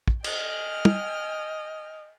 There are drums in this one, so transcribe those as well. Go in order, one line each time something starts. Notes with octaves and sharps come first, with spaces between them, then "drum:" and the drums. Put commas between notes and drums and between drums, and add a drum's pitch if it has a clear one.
drum: kick
D#5 G5 G#5 F6, drum: cymbal
drum: tom